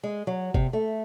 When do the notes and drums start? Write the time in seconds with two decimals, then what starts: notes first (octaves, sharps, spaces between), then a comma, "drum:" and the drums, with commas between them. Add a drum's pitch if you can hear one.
0.03 G#3
0.27 F#3
0.54 C3, drum: kick
0.73 A3